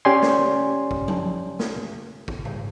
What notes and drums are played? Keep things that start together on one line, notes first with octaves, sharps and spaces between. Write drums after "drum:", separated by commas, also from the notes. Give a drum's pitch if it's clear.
C#4 G4 C#5 D5 G#5 C6
drum: snare
drum: kick
drum: tom F3
drum: snare
drum: kick
drum: tom